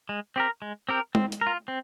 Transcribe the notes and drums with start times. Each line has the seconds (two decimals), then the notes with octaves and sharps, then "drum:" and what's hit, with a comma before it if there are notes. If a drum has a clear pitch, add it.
0.09 G#3
0.36 C4 G4 A#4
0.62 G#3
0.89 C4 G4 A#4
1.15 C4, drum: tom G#3
1.32 drum: hi-hat
1.41 A#4
1.47 F4
1.68 C4